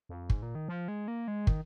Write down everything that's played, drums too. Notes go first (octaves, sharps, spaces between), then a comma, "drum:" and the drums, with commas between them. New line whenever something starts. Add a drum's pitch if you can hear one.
F2
G#2, drum: kick
A#2
D#3
F3
G#3
A#3
G#3
D#3, drum: kick